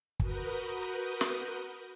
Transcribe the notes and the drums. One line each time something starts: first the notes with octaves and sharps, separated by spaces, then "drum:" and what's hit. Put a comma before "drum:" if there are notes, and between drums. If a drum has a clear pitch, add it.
F#4 A#4 B4 D#6 G6, drum: kick
drum: snare